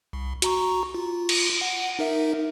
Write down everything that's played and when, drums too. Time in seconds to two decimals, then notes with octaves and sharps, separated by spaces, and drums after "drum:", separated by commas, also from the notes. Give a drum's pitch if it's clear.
0.13 C2
0.42 F#4 A#5 C#6, drum: hi-hat
0.94 F4
1.29 drum: cymbal
1.61 F#5
1.99 D#4 A#4 E5